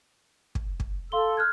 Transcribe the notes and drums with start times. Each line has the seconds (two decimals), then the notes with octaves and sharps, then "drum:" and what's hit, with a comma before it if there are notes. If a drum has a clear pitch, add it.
0.55 drum: kick
0.80 drum: kick
1.12 A4 F5 C6 E6 G7
1.37 F6 F#6 G#6